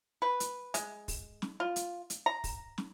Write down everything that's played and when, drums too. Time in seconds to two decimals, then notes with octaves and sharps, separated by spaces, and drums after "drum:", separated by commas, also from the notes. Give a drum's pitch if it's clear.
0.22 B4
0.40 drum: hi-hat
0.74 G#3, drum: hi-hat
1.08 drum: kick, open hi-hat
1.42 drum: snare
1.60 F4
1.76 drum: hi-hat
2.10 drum: hi-hat
2.26 A#5
2.44 drum: kick, open hi-hat
2.78 drum: snare